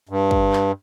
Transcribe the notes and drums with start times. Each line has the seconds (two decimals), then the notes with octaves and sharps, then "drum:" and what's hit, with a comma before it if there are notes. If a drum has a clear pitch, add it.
0.09 G2
0.31 drum: kick
0.53 drum: clap